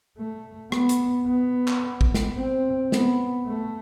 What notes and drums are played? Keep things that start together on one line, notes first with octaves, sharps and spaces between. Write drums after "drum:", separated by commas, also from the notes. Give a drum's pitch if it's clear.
A3
B3, drum: rim click
drum: hi-hat
B3
drum: clap
drum: kick
drum: snare
C4
B3, drum: snare
A3